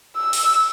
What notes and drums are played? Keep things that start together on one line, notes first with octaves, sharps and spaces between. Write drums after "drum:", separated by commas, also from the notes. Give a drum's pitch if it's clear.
E6
drum: open hi-hat